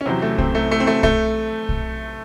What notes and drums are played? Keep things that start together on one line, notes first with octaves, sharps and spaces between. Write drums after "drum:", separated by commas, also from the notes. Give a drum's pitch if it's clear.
C#4
E2 C3 F#3 C4
A3
C4, drum: kick
A3
A3
C4
A3
A3, drum: kick
drum: kick